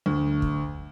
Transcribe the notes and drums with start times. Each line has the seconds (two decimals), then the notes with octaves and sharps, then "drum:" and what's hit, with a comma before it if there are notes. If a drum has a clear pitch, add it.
0.06 D2
0.42 drum: kick